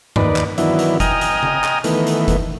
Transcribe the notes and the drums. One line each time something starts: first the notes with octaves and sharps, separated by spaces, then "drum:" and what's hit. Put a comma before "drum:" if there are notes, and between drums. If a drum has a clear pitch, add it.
D#2 D#4 B4 D5, drum: tom G2
drum: clap
D#3 E3 F#3 B3 D4 E4, drum: hi-hat
drum: hi-hat
D#5 G5 G#5 A#5 D#6 F6, drum: kick F#1, hi-hat
drum: hi-hat
drum: tom C#3
drum: clap
D#3 E3 A3 B3, drum: hi-hat
drum: hi-hat
drum: kick F#1, hi-hat